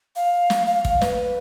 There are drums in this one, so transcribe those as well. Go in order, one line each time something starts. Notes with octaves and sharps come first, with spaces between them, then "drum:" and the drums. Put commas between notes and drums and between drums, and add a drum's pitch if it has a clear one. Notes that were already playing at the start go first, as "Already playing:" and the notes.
F5
drum: snare
F5
F5, drum: kick
B4, drum: snare